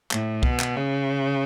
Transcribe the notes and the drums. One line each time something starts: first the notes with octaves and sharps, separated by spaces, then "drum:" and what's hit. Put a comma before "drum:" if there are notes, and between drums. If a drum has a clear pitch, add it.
A2, drum: clap
B2, drum: kick C2
drum: clap
C#3